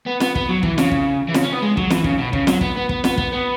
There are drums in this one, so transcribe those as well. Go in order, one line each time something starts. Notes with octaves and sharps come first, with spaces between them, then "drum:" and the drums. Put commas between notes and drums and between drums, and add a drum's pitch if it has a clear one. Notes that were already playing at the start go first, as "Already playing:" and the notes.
B3
B3, drum: snare
B3, drum: kick
F#3
E3, drum: kick
C#3, drum: snare
drum: kick
E3
C#3, drum: snare
C#4
B3
G#3
F#3, drum: kick
E3, drum: snare
C#3, drum: kick
B2
C#3, drum: kick
F#3, drum: snare
B3, drum: kick
B3
B3, drum: kick
B3, drum: snare
B3, drum: kick
B3